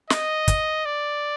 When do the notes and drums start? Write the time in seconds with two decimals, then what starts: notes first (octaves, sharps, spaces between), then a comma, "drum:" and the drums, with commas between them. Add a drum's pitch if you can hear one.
0.10 D#5, drum: snare
0.48 drum: kick, hi-hat
0.85 D5